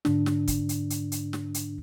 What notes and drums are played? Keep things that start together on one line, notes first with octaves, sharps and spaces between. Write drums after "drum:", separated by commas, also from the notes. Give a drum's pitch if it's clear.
G#2 D3 D4, drum: snare
drum: snare
drum: kick, hi-hat
drum: hi-hat
drum: hi-hat
drum: hi-hat
drum: snare
drum: hi-hat